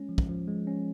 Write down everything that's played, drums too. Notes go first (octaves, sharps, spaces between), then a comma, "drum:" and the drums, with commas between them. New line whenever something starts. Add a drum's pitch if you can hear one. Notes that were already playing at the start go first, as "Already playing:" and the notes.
Already playing: G#3 C#4
F3
drum: kick
F3
G#3
C#4